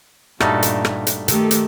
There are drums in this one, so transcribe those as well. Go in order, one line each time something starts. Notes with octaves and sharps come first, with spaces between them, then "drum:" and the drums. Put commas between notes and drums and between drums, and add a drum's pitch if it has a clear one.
G2 A#2 G3 A3 D#4 F#4, drum: rim click
drum: hi-hat
drum: rim click
drum: hi-hat
D#3 A3 G4 A4, drum: hi-hat
drum: hi-hat